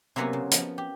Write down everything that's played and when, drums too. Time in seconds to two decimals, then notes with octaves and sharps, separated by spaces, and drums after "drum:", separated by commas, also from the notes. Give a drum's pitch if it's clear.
0.16 C3 F#3 A#3 B3 C#4 F#4
0.33 C#3
0.51 F3 B3, drum: hi-hat
0.78 G4